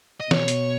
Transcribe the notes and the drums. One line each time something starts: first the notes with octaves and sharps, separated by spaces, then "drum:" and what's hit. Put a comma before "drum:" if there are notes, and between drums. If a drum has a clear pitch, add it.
D#5
B2 C#5, drum: snare
drum: hi-hat